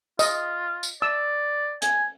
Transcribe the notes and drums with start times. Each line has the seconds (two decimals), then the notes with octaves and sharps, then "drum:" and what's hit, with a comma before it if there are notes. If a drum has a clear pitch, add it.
0.19 F4 D#5, drum: tambourine
0.83 drum: tambourine
1.02 D5 E6
1.82 G#5, drum: hi-hat